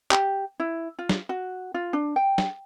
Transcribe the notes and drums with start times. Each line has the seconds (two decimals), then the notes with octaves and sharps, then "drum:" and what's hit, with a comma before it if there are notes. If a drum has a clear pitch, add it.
0.11 G4, drum: clap
0.60 E4
0.99 F4
1.09 drum: snare
1.29 F#4
1.74 F4
1.93 D4
2.16 G5
2.38 drum: snare